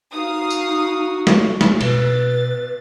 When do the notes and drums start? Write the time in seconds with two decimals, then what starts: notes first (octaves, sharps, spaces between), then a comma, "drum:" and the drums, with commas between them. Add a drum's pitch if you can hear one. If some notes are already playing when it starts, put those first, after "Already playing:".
0.12 D#4 F#4 F5 D#6
0.50 drum: tambourine
1.27 drum: snare
1.61 drum: snare
1.81 B2 B4 A6, drum: cymbal